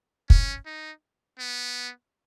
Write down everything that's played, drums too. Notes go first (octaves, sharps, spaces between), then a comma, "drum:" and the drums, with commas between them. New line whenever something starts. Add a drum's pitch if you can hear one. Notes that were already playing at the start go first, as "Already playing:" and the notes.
C#4, drum: kick
D#4
B3